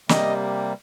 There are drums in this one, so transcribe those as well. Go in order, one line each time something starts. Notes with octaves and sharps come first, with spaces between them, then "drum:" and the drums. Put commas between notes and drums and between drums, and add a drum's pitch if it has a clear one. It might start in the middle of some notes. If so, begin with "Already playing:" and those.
C3 G3 A#3 D#5, drum: snare